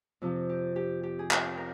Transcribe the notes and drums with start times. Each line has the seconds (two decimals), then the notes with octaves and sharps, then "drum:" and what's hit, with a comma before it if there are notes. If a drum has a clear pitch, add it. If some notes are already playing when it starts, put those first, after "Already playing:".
0.22 F2 C3 F3
0.49 G4
0.76 G4
1.03 G4
1.19 G#4
1.31 G4, drum: clap
1.57 A#4